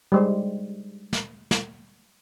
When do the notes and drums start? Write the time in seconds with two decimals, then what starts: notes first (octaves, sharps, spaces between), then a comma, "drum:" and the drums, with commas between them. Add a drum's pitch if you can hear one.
0.12 G3 G#3 C5
1.13 drum: snare
1.51 drum: snare